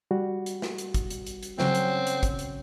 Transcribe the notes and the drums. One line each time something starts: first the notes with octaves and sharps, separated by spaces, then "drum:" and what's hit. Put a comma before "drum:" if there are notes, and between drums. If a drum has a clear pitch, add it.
G3 F#4
drum: hi-hat
drum: snare
drum: hi-hat
drum: kick, hi-hat
drum: hi-hat
drum: hi-hat
drum: hi-hat
C#3 F#3 C4 C7, drum: snare
drum: hi-hat
drum: hi-hat
drum: kick, hi-hat
drum: hi-hat